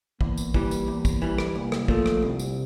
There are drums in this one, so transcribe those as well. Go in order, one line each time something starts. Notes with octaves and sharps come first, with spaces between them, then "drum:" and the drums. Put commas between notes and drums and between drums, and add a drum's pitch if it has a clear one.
E2 A#3, drum: kick
drum: tambourine
E3 G3, drum: kick
drum: tambourine
E2
drum: kick, tambourine
E3 G3
drum: rim click
C2 A#3
drum: rim click
A#2 F3 A3 A#3, drum: kick
drum: rim click
C2 C3
drum: tambourine